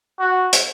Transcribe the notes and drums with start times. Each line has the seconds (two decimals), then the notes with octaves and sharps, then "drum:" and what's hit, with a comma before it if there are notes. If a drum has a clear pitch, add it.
0.19 F#4
0.53 drum: hi-hat